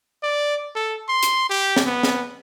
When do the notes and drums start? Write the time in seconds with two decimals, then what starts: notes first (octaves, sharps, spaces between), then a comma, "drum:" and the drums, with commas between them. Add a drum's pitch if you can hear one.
0.23 D5
0.75 A4
1.09 C6
1.23 drum: hi-hat
1.50 G4
1.76 drum: snare
1.86 B3
2.03 drum: snare